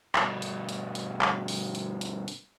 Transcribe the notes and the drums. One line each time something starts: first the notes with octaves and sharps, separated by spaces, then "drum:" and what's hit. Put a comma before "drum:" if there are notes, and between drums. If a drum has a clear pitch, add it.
G2 B2, drum: clap
drum: hi-hat
drum: hi-hat
drum: hi-hat
drum: clap
drum: open hi-hat
drum: hi-hat
drum: hi-hat
drum: hi-hat